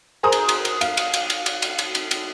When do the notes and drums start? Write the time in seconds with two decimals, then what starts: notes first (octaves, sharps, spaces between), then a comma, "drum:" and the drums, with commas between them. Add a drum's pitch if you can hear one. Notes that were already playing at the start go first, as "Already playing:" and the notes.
0.23 G#4 A#4 C5 A#5 D#6
0.32 drum: cymbal
0.49 drum: cymbal
0.65 drum: cymbal
0.81 F5, drum: cymbal
0.97 drum: cymbal
1.14 drum: cymbal
1.30 drum: cymbal
1.46 drum: cymbal
1.62 drum: cymbal
1.79 drum: cymbal
1.95 drum: cymbal
2.11 drum: cymbal